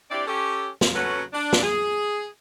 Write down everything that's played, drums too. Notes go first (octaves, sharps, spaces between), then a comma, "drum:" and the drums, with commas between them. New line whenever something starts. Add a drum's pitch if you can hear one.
C4 D4 E4 G4 D5
C#4 G4 A4
drum: snare
C#3 F#3 C#4 F#4 A4 B4
D4
drum: snare
G#4